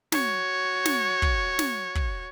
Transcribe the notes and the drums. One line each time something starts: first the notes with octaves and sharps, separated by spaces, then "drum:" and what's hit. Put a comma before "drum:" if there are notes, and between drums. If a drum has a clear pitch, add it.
F#4 C#5, drum: snare
drum: snare
drum: kick
drum: snare
drum: kick